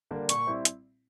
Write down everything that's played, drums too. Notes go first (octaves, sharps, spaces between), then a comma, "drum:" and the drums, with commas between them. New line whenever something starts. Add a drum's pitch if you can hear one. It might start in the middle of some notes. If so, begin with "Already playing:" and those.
D3 G3 A#3 D4
A#2 C#6, drum: hi-hat
G3 C4 E4
drum: hi-hat